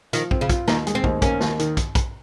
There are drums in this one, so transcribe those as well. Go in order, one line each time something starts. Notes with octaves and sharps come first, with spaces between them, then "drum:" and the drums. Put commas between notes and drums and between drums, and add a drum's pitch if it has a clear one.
D#3 F3, drum: hi-hat
C4, drum: kick
C#3
F4, drum: kick, hi-hat
D#2 D#3, drum: snare
G#3, drum: hi-hat
C4
D#2, drum: kick
A#3 C#4, drum: kick, hi-hat
D#2, drum: snare
D#3, drum: hi-hat
drum: kick, hi-hat
drum: kick, hi-hat